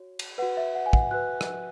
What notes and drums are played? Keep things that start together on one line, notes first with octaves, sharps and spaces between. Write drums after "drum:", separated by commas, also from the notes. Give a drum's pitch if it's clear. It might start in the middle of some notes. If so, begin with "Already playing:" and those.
Already playing: F#4 C#5
drum: cymbal
F#4 B4 F#5
E5
F#5
G#5
F#5, drum: kick
F#4 B4 F#6
drum: rim click